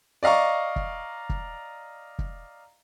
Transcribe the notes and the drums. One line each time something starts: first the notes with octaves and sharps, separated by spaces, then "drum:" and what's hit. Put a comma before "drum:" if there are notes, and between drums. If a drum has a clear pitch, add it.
D5 D#5 F5 A#5 C#6
drum: kick
drum: kick
drum: kick